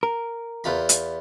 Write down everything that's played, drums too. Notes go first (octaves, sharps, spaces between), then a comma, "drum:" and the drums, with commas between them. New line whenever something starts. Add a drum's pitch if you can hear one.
A#4
E2 F4 B5
drum: hi-hat